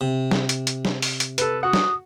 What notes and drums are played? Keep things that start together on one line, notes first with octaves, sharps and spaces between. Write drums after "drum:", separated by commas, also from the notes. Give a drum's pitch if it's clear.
C3
drum: snare
drum: hi-hat
drum: hi-hat
drum: snare
drum: open hi-hat
drum: hi-hat
A4 B4, drum: hi-hat
F#4 F#5 D#6
drum: snare